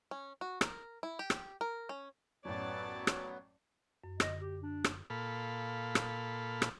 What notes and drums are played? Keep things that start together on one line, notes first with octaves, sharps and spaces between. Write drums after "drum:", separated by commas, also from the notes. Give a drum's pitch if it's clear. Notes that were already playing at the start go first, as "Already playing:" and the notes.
C#4
F#4
A#4, drum: rim click
E4
G4
drum: rim click
A#4
C#4
A1 F#2 F#3 B3 C#5 D5 A5
drum: rim click
F#2
D3 D#5 A#6, drum: rim click
G4
D4
drum: rim click
A#2 A4 F5 B5
drum: rim click
drum: rim click